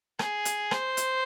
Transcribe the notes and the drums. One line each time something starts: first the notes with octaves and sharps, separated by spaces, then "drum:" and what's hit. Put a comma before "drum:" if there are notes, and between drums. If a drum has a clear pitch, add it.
G#4, drum: rim click
drum: hi-hat
C5, drum: rim click
drum: hi-hat